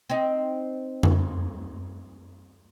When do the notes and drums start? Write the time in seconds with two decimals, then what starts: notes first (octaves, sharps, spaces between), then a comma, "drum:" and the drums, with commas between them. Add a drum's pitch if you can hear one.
0.10 C4 D#4
1.03 drum: tom F2